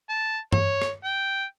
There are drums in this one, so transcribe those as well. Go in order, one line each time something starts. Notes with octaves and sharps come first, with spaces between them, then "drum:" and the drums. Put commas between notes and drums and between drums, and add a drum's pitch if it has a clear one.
A5
C#5, drum: tom G2
drum: rim click
G5